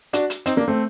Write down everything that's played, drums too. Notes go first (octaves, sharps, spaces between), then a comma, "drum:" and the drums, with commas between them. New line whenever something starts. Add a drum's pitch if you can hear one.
D4 F#4, drum: hi-hat
drum: hi-hat
C4 D#4, drum: hi-hat
A#3 D4
A3 C4